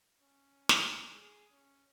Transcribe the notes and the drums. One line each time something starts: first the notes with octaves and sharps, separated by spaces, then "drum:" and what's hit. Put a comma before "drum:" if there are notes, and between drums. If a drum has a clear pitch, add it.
C#4
drum: snare
G#4
C#4